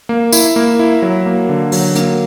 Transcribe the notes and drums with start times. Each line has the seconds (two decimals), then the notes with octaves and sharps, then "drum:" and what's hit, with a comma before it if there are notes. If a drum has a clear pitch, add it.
0.09 A#3
0.32 E4, drum: tambourine
0.56 A#3
0.79 E4
1.02 F#3
1.26 A#3
1.49 D3
1.72 F#3, drum: open hi-hat
1.95 A#3, drum: hi-hat